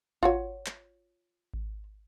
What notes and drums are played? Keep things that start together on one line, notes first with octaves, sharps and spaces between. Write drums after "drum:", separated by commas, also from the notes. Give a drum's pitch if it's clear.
F4 F#4 C#5, drum: kick G#1
drum: clap
drum: kick G#1